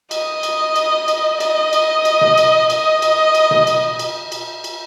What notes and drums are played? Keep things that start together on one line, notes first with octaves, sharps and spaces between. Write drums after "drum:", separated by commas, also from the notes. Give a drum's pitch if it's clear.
D#5, drum: cymbal
drum: cymbal
drum: cymbal
drum: cymbal
D#5, drum: cymbal
drum: cymbal
drum: cymbal
drum: tom B2
drum: cymbal
D#5, drum: cymbal
drum: cymbal
drum: cymbal
drum: tom B2
drum: cymbal
drum: cymbal
drum: cymbal
drum: cymbal